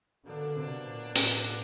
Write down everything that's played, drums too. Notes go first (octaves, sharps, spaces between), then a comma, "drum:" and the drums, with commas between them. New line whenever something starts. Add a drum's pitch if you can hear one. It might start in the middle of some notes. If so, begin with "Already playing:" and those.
B2 D3 F#3 A#3 D4
C3
A#2
A2, drum: hi-hat